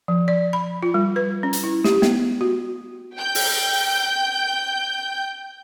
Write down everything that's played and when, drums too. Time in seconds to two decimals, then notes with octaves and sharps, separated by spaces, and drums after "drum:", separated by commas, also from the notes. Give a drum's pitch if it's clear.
0.08 F3
0.28 D5
0.53 B5
0.83 F4
0.94 G3
1.16 B4
1.43 C#4
1.53 drum: hi-hat
1.64 E4
1.84 G4, drum: snare
2.02 B3, drum: snare
2.41 F#4
3.16 G5 G6
3.35 drum: open hi-hat